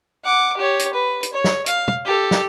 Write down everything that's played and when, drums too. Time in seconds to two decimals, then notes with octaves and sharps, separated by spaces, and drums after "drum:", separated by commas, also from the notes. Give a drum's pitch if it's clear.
0.25 F#5 D6
0.57 G4 C#5
0.79 drum: hi-hat
0.93 B4
1.23 drum: hi-hat
1.33 C#5
1.44 drum: snare
1.66 F5, drum: hi-hat
1.88 drum: tom
2.05 G4 A4
2.31 drum: snare